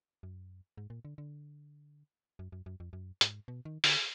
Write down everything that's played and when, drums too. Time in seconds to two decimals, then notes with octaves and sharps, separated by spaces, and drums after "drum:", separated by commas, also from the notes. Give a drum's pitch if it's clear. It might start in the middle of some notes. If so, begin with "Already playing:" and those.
0.23 F#2
0.77 G#2
0.90 A#2
1.05 D3
1.18 D3
2.39 F#2
2.52 F#2
2.66 F#2
2.80 F2
2.93 F#2
3.21 G#2, drum: hi-hat
3.48 B2
3.65 D#3
3.84 D3, drum: open hi-hat